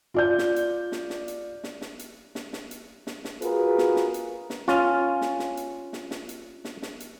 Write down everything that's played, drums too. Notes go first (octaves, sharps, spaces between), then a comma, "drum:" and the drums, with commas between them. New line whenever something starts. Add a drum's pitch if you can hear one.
F4 D5 G6
drum: snare
drum: hi-hat
drum: snare
drum: snare
drum: hi-hat
drum: snare
drum: snare
drum: hi-hat
drum: snare
drum: snare
drum: hi-hat
drum: snare
drum: snare
F4 F#4 G#4 A#4 B4, drum: hi-hat
drum: snare
drum: snare
drum: hi-hat
drum: snare
C#4 F4, drum: snare
drum: snare
drum: snare
drum: hi-hat
drum: snare
drum: snare
drum: hi-hat
drum: snare
drum: snare
drum: hi-hat